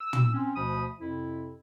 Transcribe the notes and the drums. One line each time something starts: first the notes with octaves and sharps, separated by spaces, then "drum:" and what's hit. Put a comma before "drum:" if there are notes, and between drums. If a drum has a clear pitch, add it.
E6
drum: tom
C4 C#4
D2 B2 F3 B5 D#6
F2 C3 E4